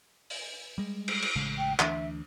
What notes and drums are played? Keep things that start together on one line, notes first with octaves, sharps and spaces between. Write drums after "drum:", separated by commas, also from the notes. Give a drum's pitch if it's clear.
drum: open hi-hat
G3 G#3
drum: cymbal
drum: cymbal
A1 C#3 G#3
G5
D2 E3 D4 E5, drum: clap